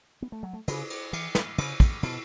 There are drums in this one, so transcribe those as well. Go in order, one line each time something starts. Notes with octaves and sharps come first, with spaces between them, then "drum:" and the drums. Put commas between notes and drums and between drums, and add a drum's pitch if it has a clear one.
B3
A3
F#3
A3
C#3, drum: cymbal
drum: cymbal
E3, drum: cymbal
drum: snare
C#3, drum: cymbal
drum: kick, cymbal
B2, drum: cymbal